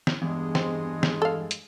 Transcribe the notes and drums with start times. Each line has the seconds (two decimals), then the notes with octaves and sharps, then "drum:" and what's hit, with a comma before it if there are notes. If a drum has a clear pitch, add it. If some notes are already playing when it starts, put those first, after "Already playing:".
0.07 drum: snare
0.22 E2 G2 G#3
0.55 C4, drum: snare
1.03 drum: snare
1.22 A4 F5
1.51 drum: hi-hat